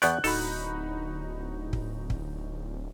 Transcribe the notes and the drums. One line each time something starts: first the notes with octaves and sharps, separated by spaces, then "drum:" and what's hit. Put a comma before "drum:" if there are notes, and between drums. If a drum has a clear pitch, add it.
E2 B3 D5 C#6 F#6 G6, drum: hi-hat
D1 D#4 F#4 A4 B5, drum: open hi-hat
drum: kick
drum: kick